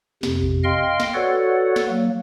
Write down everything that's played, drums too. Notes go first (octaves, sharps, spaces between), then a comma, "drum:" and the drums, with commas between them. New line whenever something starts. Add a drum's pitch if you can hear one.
F2 C3, drum: snare
drum: kick A1
D#5 F5 G5 C6 F6
drum: snare
F#4 A4 B4 C#5 D5 F#5
drum: snare
F#3 A#3